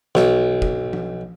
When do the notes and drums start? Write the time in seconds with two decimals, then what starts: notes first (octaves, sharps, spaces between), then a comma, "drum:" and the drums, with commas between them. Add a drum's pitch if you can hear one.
0.15 B1, drum: snare
0.62 drum: kick
0.93 drum: tom F3